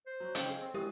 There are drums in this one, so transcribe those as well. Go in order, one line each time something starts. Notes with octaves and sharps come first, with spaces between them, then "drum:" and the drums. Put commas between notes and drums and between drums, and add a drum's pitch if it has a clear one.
C5
F#3
C#3 D#5 F5 G5, drum: hi-hat
G#4
C4 C5
G#3 E4 G4 A#4 D#6